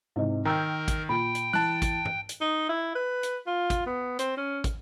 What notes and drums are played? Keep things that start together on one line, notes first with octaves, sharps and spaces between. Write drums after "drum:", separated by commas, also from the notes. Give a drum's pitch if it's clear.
G#2 C3 E4 D#5
D#3 A#4 G5 A#5 E6 G6
drum: kick, hi-hat
A#2 G5 B5
drum: hi-hat
E3 A5 F#6
drum: kick, hi-hat
drum: tom
drum: hi-hat
D#4
E4
B4
drum: hi-hat
F4
drum: kick, hi-hat
B3
C4, drum: hi-hat
C#4
drum: kick, hi-hat